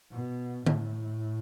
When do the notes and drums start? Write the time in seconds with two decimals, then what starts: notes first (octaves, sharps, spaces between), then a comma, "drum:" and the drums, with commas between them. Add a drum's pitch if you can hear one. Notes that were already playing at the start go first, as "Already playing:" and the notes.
0.12 B2
0.66 A2, drum: tom D3